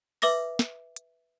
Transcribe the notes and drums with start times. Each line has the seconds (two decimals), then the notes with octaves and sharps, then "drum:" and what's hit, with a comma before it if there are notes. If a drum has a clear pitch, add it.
0.22 B4 E5 D6 D#6 A#6, drum: open hi-hat
0.59 drum: snare
0.96 drum: hi-hat